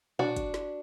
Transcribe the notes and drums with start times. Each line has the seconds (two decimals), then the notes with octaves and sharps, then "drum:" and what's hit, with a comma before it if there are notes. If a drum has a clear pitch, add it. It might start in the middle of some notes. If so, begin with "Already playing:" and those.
0.19 D4 F#4, drum: tom A#2
0.36 drum: kick, hi-hat
0.54 drum: snare